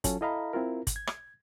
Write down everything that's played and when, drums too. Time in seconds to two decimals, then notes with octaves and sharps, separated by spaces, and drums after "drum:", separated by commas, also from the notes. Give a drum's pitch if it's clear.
0.04 F#3 C#4 F4 A4, drum: kick, hi-hat
0.21 E4 A4 D#5 F5 A#5 B5
0.53 C4 E4 F4 A#4
0.87 drum: kick, hi-hat
0.96 G#6
1.07 drum: rim click